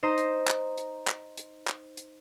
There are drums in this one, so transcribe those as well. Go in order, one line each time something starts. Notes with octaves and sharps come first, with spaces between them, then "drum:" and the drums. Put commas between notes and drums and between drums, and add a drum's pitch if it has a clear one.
D#4 C5 A#5 D#6 C7
drum: hi-hat
drum: clap
drum: hi-hat
drum: clap
drum: hi-hat
drum: clap
drum: hi-hat